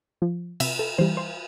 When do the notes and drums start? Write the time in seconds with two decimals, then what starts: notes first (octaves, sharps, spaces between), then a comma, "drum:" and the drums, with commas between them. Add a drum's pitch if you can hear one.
0.22 F3
0.60 C3 E5, drum: cymbal
0.79 A4
0.98 E3 G3 C5
1.17 C5